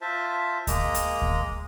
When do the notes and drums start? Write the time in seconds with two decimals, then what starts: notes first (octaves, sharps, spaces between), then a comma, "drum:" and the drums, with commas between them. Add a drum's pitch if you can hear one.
0.01 F4 C5 E5 A5
0.67 G#3 A#3 D#5 A#5, drum: kick D2, hi-hat
0.94 drum: hi-hat
1.22 drum: kick D2